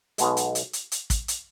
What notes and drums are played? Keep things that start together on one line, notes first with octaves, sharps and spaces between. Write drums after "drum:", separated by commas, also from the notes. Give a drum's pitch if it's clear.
B1 B2 G#3, drum: hi-hat
drum: hi-hat
drum: hi-hat
drum: hi-hat
drum: hi-hat
drum: kick, hi-hat
drum: hi-hat